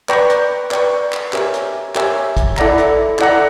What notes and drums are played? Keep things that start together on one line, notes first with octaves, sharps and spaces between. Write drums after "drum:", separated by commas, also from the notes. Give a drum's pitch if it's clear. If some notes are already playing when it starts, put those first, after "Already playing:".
B4 D5 G5 A#5 C#6, drum: clap
drum: hi-hat
B4 D5 G5 A#5 C#6, drum: clap
drum: clap
G4 A#4 C#5 E5 G#5, drum: clap
drum: hi-hat
G4 A#4 C#5 E5 G#5, drum: clap
drum: kick, hi-hat
E4 A4 D5 F#5 A#5, drum: clap
drum: hi-hat
E4 A4 D5 F#5 A#5, drum: clap